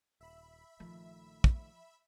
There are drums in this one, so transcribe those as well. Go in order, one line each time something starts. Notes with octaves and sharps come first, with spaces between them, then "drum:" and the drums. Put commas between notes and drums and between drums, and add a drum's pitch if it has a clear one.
D#1 E5 B5
A#1 D#3 F3 A3
drum: kick